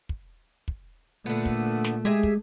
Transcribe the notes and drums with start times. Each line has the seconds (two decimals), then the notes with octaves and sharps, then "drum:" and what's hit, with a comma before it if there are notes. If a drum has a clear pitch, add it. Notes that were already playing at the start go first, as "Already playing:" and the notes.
0.09 drum: kick
0.68 drum: kick
1.26 A#2 D3 A3 B3
1.45 drum: kick
1.84 drum: snare
2.05 G#3 G4 G#4 E5
2.23 drum: kick